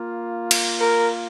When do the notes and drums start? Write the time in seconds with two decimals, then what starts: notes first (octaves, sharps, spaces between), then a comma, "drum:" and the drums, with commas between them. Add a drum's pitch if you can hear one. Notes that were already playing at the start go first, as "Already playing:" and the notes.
Already playing: A#3 F4
0.51 drum: cymbal
0.79 A#4